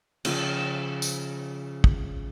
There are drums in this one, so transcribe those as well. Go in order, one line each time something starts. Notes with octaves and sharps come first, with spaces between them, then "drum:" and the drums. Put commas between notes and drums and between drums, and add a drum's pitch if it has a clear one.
C#3 F3 D#5 A5, drum: cymbal
drum: tambourine
drum: kick